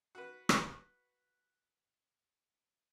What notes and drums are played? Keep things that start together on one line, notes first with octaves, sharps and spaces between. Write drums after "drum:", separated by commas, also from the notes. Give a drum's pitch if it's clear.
F#4 B4
drum: rim click